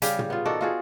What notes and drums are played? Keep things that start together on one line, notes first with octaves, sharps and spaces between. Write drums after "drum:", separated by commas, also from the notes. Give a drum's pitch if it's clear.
C#3 G3 G4 F5, drum: hi-hat
drum: tom
B3 F4
D#3 F#4 A4 D5
F4 F#4 G#4